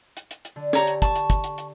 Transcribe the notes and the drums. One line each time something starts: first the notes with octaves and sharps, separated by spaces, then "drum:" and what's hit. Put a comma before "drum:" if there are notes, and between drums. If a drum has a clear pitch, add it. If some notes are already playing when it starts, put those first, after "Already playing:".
drum: hi-hat
drum: hi-hat
drum: hi-hat
D3
G4 A4 C#5 A#5, drum: snare
drum: hi-hat
A5 C#6, drum: kick, hi-hat
drum: hi-hat
drum: kick, hi-hat
drum: hi-hat
drum: hi-hat